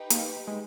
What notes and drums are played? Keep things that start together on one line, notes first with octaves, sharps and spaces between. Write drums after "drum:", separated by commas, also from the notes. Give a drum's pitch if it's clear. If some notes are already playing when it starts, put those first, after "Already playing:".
Already playing: D#4 G4 B4 G5
A#3, drum: hi-hat
G#3